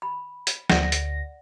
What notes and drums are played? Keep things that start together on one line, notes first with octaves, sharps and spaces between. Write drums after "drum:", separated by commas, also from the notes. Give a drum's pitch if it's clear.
B5
drum: hi-hat
D2 D5 F#5 A#6, drum: snare
drum: hi-hat